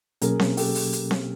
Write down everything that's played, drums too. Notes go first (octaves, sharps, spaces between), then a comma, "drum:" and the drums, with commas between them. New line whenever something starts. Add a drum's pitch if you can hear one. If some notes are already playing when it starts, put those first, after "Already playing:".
B2 F#3 A#3 C#4 G#4 A#4, drum: hi-hat
drum: snare C4
G4 A4, drum: open hi-hat
drum: open hi-hat
drum: hi-hat
drum: snare C4